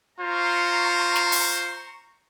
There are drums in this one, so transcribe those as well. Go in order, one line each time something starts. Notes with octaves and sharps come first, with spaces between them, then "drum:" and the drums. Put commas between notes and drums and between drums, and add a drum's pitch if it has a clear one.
F4 C5 A#5 C#6
drum: snare
drum: open hi-hat